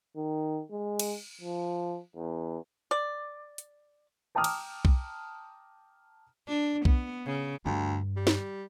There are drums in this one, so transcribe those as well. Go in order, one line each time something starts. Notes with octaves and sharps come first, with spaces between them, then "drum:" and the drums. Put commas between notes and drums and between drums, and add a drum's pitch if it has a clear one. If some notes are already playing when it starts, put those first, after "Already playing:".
D#3
G#3
drum: cymbal
F3
E2
D5
drum: hi-hat
G5 A5 A#5 D6 D#6 F6
drum: cymbal
drum: kick B1
D4
B3, drum: kick B1
C#3
D2 G2 D3
G3
drum: snare